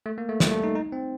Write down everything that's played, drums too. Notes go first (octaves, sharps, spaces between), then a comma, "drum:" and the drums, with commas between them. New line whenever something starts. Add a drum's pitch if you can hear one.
A3
A#3
A3
G3, drum: snare
A3
D#4
D#4
C4